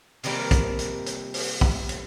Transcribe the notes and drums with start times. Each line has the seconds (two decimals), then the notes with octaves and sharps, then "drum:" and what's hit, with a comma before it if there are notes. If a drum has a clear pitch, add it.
0.23 C3 D#3 F3 G3 A#3, drum: open hi-hat
0.51 drum: kick, hi-hat
0.79 drum: hi-hat
1.06 drum: hi-hat
1.34 drum: open hi-hat
1.61 drum: kick
1.89 drum: hi-hat